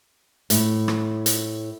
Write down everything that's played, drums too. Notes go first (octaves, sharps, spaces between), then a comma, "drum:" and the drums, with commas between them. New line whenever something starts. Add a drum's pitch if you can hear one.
A2, drum: hi-hat
drum: rim click
drum: hi-hat